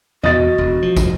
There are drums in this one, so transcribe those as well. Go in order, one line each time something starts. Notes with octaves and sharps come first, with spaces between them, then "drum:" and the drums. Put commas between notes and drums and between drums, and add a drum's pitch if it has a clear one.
E2 B2 F#4 D#5 A6
E1
F3
drum: kick, tambourine